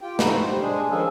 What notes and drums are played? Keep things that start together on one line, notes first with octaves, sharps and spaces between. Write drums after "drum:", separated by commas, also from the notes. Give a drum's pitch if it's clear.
F4 G4 G5
G#2 D3 D#4 E4 F#4, drum: snare
G3 C5
G#3 D4 G#4
D#3 F3 C#4 F4 G#4 A4